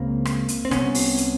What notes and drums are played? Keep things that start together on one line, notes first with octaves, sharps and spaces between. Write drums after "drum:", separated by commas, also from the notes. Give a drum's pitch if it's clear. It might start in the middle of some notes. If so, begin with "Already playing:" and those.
Already playing: C#2 C#3 A#3 C4
drum: rim click
drum: hi-hat
C4
C2 C3 B3 C#4, drum: rim click
drum: open hi-hat
drum: hi-hat